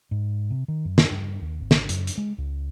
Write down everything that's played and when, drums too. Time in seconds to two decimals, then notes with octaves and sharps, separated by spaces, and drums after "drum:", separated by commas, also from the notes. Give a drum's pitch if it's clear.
0.11 G#2
0.51 C3
0.68 D#3
0.85 F#2
0.98 drum: snare
1.11 G2
1.41 D#2
1.60 G#1
1.71 drum: snare
1.89 F#2, drum: hi-hat
2.07 drum: hi-hat
2.18 G#3
2.38 C#2